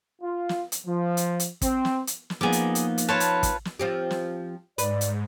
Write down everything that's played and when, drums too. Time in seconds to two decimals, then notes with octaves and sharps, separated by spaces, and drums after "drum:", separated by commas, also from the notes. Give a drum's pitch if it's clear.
0.22 F4
0.49 drum: snare
0.72 drum: hi-hat
0.86 F3
1.17 drum: hi-hat
1.40 drum: hi-hat
1.62 C4, drum: kick, hi-hat
1.85 drum: snare
2.07 drum: hi-hat
2.30 drum: snare
2.41 F3 A#3 B3 D#4 G#4 D6
2.52 drum: hi-hat
2.75 drum: hi-hat
2.98 drum: hi-hat
3.08 F4 B4 C#5 A5
3.20 drum: hi-hat
3.43 drum: kick, hi-hat
3.65 drum: snare
3.79 F3 C4 G4
4.11 drum: snare
4.78 G#2 B4 D5, drum: hi-hat
5.01 drum: hi-hat